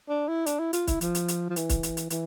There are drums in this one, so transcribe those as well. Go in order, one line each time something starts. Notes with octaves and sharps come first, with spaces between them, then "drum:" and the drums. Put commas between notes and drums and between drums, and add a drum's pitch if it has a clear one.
D4
E4
D4, drum: hi-hat
E4
F4, drum: hi-hat
E4, drum: kick, hi-hat
F3, drum: hi-hat
drum: hi-hat
drum: hi-hat
F3
E3, drum: hi-hat
drum: kick, hi-hat
drum: hi-hat
drum: hi-hat
E3, drum: hi-hat